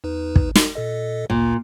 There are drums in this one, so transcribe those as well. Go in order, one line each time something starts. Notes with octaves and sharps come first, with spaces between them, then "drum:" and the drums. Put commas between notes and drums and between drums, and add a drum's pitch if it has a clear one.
E2 D#4 B4
drum: kick
drum: snare
A#2 A4 D#5
G#1 D2 A#2